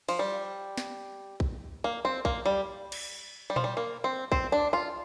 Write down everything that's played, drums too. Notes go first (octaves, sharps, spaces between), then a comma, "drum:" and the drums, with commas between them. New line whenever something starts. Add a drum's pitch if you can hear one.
F3, drum: cymbal
G3
drum: snare
drum: kick B1
A#3
C4
A#3, drum: kick B1
G3
drum: cymbal
G3
F3, drum: tom A#2
G3
A#3
C4
C4, drum: kick B1
D4
F4